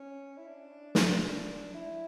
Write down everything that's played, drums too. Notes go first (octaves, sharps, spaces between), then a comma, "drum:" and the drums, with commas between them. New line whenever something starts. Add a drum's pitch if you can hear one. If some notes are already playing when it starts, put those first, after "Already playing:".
Already playing: C#4
E4
D4
drum: snare
D4
E4